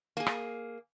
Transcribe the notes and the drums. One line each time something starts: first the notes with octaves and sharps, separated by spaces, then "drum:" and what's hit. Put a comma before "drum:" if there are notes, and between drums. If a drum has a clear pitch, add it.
A#3 G#4
drum: rim click